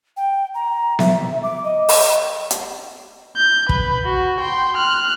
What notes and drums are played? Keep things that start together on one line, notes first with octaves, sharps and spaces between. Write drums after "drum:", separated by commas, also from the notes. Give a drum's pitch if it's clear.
G5
A#5
E5, drum: snare B3
D6
D#5
drum: open hi-hat
drum: hi-hat
G6
B4, drum: kick
F#4
G5 C6
F6 F#6